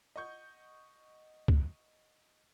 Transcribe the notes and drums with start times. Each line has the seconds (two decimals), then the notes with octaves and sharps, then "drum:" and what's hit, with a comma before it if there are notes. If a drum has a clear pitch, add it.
0.16 D#5 F#5 C#6 G6
1.48 drum: kick D2